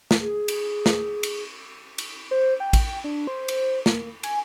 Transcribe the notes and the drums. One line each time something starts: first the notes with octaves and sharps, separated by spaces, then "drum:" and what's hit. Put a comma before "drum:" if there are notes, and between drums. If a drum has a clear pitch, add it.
drum: snare
G#4
drum: cymbal
drum: snare
drum: cymbal
drum: cymbal
C5
G5
drum: kick A1, cymbal
D4
C5
drum: cymbal
A#3, drum: snare
G#5, drum: cymbal